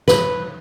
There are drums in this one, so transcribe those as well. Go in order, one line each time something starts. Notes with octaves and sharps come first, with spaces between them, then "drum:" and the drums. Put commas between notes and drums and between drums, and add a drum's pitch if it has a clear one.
B4, drum: snare